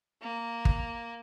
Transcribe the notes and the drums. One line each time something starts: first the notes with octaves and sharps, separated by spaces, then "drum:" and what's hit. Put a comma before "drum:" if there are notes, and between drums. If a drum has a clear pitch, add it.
A#3
drum: kick